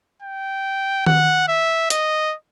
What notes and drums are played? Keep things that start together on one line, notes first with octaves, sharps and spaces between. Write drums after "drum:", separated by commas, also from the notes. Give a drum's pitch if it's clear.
G5
F#5, drum: tom D#3
E5
D#5, drum: hi-hat